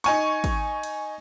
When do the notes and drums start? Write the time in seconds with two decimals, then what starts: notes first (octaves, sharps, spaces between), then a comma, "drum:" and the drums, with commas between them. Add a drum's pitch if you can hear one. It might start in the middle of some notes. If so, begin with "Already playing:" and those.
0.04 D#4 G#5 C#6, drum: cymbal
0.44 drum: kick, cymbal
0.83 drum: cymbal